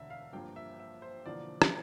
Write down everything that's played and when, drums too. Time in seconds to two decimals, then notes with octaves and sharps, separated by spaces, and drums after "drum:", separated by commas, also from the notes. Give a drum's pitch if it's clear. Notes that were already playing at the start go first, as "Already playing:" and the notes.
Already playing: E1 D2 D3 E5
0.10 F5
0.33 G1 G2 F3 A#3 G5
0.56 E5
0.80 E5
1.02 C5
1.26 E1 E2 D3 F3 A#3 D5
1.62 drum: rim click